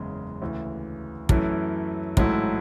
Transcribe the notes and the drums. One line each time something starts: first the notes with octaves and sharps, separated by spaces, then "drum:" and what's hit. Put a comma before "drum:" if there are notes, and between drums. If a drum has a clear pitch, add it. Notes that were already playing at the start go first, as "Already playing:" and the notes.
Already playing: F#1 E2 C#3 G#3
D2 C#3 E3
F#2 E3 A3 C#4 E4, drum: kick
A1 G#2 F#3 A3 E4, drum: kick